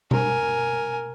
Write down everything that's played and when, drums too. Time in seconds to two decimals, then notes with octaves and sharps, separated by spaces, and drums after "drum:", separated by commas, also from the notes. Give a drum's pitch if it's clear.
0.11 A#4 G#5, drum: tom B2